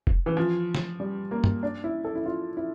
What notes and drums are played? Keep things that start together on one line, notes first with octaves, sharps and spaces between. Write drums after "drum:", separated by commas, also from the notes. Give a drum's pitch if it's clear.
drum: kick F1
E3
F3
drum: snare
G3
A#3
drum: tom
D4
E4
A4
E4
F4
E4